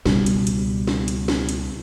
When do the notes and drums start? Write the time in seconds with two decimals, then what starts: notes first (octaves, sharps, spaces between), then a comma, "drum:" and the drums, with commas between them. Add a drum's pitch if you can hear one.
0.06 C#2 B2 G3, drum: snare
0.26 drum: hi-hat
0.47 drum: hi-hat
0.88 drum: snare
1.08 drum: hi-hat
1.28 drum: snare
1.49 drum: hi-hat